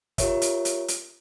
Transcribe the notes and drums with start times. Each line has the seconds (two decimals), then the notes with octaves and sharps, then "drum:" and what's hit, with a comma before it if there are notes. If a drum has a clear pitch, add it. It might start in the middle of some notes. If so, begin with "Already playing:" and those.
0.18 F4 G4 A#4 C#5 E5, drum: kick, hi-hat
0.42 drum: hi-hat
0.65 drum: hi-hat
0.88 drum: hi-hat